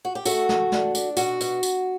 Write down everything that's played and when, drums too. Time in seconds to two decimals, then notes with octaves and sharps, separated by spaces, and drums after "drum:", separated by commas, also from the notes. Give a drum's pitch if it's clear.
0.05 F#4
0.15 G4
0.25 A3 F#4 A4, drum: tambourine
0.49 A3, drum: snare
0.72 D4, drum: snare
0.95 D4, drum: tambourine
1.17 B2 F#4, drum: tambourine
1.41 B2, drum: tambourine
1.63 drum: tambourine